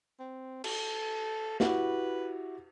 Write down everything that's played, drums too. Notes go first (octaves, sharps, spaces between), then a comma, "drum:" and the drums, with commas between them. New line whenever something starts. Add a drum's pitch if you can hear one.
C4
A4, drum: cymbal
E4 F#4 G4 B4, drum: snare